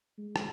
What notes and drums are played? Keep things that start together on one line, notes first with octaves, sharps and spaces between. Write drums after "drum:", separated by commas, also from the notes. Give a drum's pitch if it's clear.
G#3
drum: rim click